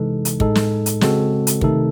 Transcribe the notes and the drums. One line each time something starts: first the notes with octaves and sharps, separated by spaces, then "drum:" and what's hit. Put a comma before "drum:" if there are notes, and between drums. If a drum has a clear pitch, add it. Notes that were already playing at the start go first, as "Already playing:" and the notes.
Already playing: C3 E3 G#3 D#4 A4
drum: hi-hat
A2 G#3 D#4 A4, drum: kick
drum: snare
drum: hi-hat
C#3 G#3 C4 F#4 A4, drum: snare
drum: hi-hat
C3 D#3 A3 D#4 A4, drum: kick